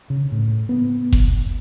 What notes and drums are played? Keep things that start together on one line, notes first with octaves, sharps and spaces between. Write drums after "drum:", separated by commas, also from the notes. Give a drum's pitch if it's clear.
C#3
A2
B3
drum: kick F#1